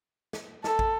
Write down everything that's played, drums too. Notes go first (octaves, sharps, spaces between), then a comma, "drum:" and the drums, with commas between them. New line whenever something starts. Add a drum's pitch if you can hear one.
drum: snare
A4, drum: snare
drum: kick